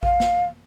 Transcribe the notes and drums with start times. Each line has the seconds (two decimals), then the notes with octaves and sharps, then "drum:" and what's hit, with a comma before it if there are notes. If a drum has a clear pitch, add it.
0.03 F5, drum: kick A1
0.20 drum: snare